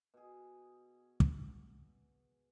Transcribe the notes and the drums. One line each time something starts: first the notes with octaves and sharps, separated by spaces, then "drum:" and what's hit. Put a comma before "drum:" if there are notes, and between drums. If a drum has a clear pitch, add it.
B2 G#4
drum: kick